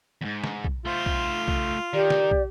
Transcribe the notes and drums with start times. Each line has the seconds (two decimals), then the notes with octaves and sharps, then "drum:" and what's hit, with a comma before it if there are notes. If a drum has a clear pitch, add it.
0.21 E2 G#2
0.44 drum: snare
0.64 drum: kick
0.85 A3 F4 C5
1.06 drum: kick
1.48 drum: kick
1.93 D#3 G4 D5
2.10 drum: snare
2.31 drum: kick